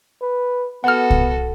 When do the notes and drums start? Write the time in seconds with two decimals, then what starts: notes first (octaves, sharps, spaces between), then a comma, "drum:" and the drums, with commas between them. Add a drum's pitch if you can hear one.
0.22 B4
0.84 B3 F#4 A4 F#5 F6
1.10 drum: kick C2